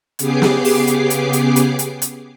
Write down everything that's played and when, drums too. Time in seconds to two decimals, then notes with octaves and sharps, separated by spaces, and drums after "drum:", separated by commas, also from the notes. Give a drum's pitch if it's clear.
0.19 C#3 B3 G4 G#4 D6 C7, drum: hi-hat
0.42 drum: snare
0.65 drum: open hi-hat
0.87 drum: hi-hat
1.10 drum: hi-hat
1.33 drum: hi-hat
1.56 drum: hi-hat
1.79 drum: hi-hat
2.02 drum: hi-hat